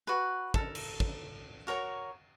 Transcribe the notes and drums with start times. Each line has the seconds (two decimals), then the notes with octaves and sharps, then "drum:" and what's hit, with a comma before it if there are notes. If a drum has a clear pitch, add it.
0.07 F#4 B4
0.54 A4 A#4, drum: kick
0.75 drum: cymbal
1.00 drum: kick
1.67 F#4 A#4 C#5 C#6